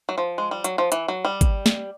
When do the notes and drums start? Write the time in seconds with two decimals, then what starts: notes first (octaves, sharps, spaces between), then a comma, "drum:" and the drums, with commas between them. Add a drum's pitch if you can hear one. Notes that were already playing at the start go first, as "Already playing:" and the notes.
0.09 F#3
0.18 F3
0.38 G#3
0.51 G3
0.64 F#3, drum: hi-hat
0.78 F3
0.92 E3, drum: hi-hat
1.08 F#3
1.25 G3
1.41 drum: kick, hi-hat
1.66 drum: snare